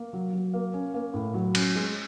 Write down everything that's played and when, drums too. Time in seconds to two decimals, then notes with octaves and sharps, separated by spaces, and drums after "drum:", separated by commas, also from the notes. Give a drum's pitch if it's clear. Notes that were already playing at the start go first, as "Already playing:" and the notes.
Already playing: A#3
0.13 F#3
0.33 F#3
0.54 A#3
0.74 C#4
0.94 A#3
1.14 A2
1.34 F#3
1.55 C#4, drum: cymbal
1.75 G#3